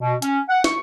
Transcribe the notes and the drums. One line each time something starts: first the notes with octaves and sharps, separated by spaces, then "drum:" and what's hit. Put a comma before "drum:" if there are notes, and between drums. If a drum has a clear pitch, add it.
B2
C#4, drum: hi-hat
F#5
C#6, drum: snare